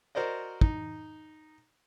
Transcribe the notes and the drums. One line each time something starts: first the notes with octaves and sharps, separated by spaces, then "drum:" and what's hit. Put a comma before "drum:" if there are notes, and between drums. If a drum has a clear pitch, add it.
F#4 A#4 C5 D5 D#5
D#4, drum: kick